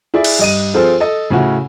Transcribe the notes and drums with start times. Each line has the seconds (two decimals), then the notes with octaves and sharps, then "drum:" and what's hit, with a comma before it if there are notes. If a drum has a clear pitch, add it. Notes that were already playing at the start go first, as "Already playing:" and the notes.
0.14 E4 G#4 D5 E5
0.24 drum: cymbal
0.39 G2 D#5 D#7
0.74 F3 C4 F4 G#4 A4 C5
1.00 A4 D#5
1.30 A2 C#3 C#4 E4 F#4